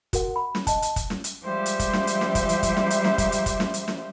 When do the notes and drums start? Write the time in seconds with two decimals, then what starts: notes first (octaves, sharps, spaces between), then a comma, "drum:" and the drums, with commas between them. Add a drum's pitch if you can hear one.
0.13 F#4 A#4 F#5, drum: kick, hi-hat
0.36 B5
0.55 drum: snare
0.67 D#5 A5, drum: kick, hi-hat
0.82 drum: hi-hat
0.96 drum: kick, hi-hat
1.10 drum: snare
1.24 drum: hi-hat
1.44 F3 G3 G#3 G4 C5 E5
1.66 drum: hi-hat
1.79 drum: kick, hi-hat
1.93 drum: snare
2.07 drum: hi-hat
2.21 drum: snare
2.35 drum: kick, hi-hat
2.49 drum: hi-hat
2.63 drum: kick, hi-hat
2.77 drum: snare
2.90 drum: hi-hat
3.04 drum: snare
3.18 drum: kick, hi-hat
3.32 drum: hi-hat
3.46 drum: kick, hi-hat
3.60 drum: snare
3.74 drum: hi-hat
3.88 drum: snare